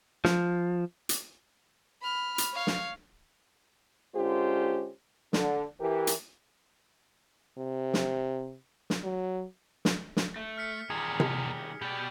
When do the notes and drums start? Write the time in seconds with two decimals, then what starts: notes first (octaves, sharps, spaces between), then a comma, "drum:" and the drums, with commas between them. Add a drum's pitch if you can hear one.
0.25 F3, drum: snare
1.09 drum: hi-hat
2.02 B5 F6
2.38 drum: hi-hat
2.54 C#5 F5
2.67 drum: snare
4.15 D3 G#3 C#4 F4 G4 C5
5.33 D3, drum: snare
5.80 E3 G4 A#4
6.07 drum: hi-hat
7.58 C3
7.94 drum: snare
8.90 drum: snare
9.03 F#3
9.85 drum: snare
10.17 drum: snare
10.36 A3
10.57 F6 B6 C#7
10.90 E2 A#2 D#3 G3 G#4
11.20 drum: tom C3
11.82 B2 G4 D5